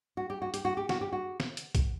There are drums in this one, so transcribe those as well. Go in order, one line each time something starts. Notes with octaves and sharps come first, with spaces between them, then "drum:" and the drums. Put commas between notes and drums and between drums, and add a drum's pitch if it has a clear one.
F#4
G4
F#4
G4, drum: hi-hat
F#4
G4
F#4, drum: snare
G4
F#4
drum: snare
drum: hi-hat
drum: kick A#1, hi-hat